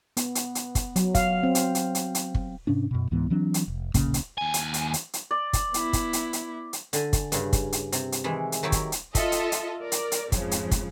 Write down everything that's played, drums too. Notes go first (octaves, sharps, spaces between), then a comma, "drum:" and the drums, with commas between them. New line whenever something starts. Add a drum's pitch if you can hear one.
B3, drum: hi-hat
drum: hi-hat
drum: hi-hat
drum: kick, hi-hat
F#3, drum: hi-hat
F5, drum: kick, hi-hat
C4
drum: hi-hat
drum: hi-hat
drum: hi-hat
drum: hi-hat
drum: kick
G#2 C3 C#4 D4
F#2 B2
C#2 G#2 E3 B3
E3 F#3 C4 D4
drum: hi-hat
F1
D1 A#1 C#3 A#3, drum: kick, hi-hat
drum: hi-hat
D#2 G#5
drum: hi-hat
drum: hi-hat
drum: hi-hat
drum: hi-hat
D5
drum: kick, hi-hat
B3 E4, drum: hi-hat
drum: kick, hi-hat
drum: hi-hat
drum: hi-hat
drum: hi-hat
D3 G#5, drum: hi-hat
drum: kick, hi-hat
G2 C#3, drum: hi-hat
drum: kick, hi-hat
drum: hi-hat
C3, drum: hi-hat
drum: hi-hat
D#3 E3 G#3 E4
drum: hi-hat
D#3 F#3 E4 G4 C#5
drum: kick, hi-hat
drum: hi-hat
F4 A4 D#5 E5, drum: kick, hi-hat
drum: hi-hat
drum: hi-hat
A#4 D5
drum: hi-hat
drum: hi-hat
F2 G#2 C#3 F3, drum: kick, hi-hat
drum: hi-hat
drum: kick, hi-hat